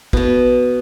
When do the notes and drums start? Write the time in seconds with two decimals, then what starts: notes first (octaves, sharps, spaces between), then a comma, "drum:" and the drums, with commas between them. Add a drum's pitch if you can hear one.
0.13 B2 B3, drum: kick